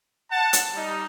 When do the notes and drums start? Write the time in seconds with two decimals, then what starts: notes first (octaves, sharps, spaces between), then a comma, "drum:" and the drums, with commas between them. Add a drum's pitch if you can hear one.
0.31 F#5 A5
0.53 drum: hi-hat
0.74 G3 D#4